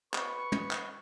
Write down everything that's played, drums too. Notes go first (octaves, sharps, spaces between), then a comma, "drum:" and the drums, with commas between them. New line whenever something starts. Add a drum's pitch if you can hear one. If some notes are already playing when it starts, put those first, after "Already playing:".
B4 C#6, drum: clap
drum: tom
drum: clap